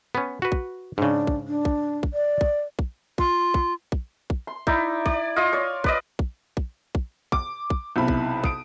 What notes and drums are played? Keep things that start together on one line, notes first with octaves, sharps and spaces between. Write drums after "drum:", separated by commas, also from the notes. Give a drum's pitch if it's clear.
B3 C#4
F#4 B4
drum: kick
G#2 C#3 D4
drum: kick
D4
drum: kick
drum: kick
D5
drum: kick
drum: kick
F4, drum: kick
drum: kick
drum: kick
drum: kick
C6
D#4 E4 D5, drum: kick
D5, drum: kick
F4 D#5
C#5 D5
B4 D5 D#5, drum: kick
drum: kick
drum: kick
drum: kick
D6, drum: kick
drum: kick
B1 C3 E4 B5
drum: kick
D#6 D7, drum: kick